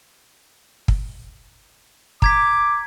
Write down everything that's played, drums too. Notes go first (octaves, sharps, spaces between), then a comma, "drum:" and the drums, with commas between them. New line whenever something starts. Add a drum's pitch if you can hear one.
drum: kick
A#5 D6 G#6 B6, drum: kick